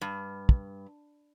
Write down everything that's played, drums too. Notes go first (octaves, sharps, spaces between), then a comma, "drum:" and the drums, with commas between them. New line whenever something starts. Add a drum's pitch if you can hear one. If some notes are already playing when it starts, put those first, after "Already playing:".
G2
drum: kick